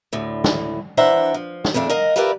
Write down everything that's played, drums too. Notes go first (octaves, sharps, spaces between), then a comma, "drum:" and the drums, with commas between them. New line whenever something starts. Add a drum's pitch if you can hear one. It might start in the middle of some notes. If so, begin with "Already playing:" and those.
D2 A2
drum: snare
E3 D4 C5 E5 F#5 A#5
F3
drum: snare
F2 C#3 A3 D4
A#4 D#5 F5 F#5
F4 G4 A#4 B4 D5 E5